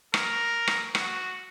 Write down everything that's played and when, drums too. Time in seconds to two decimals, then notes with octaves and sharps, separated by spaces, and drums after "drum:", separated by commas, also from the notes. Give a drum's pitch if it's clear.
0.14 A#4, drum: rim click
0.67 drum: rim click
0.95 F#4, drum: rim click